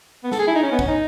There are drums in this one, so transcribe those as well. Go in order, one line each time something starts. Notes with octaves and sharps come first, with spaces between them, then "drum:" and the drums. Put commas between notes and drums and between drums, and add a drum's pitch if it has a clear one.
B3
A4, drum: snare
G#4
E4
D#4
C#4
B3
C#4, drum: kick
D#4